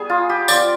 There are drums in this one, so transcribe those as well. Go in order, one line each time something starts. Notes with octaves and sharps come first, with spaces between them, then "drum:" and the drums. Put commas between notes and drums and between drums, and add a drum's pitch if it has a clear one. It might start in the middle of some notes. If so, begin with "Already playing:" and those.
Already playing: G3 B3 G#4
F4
G4
F3 C4 F4 D5, drum: tambourine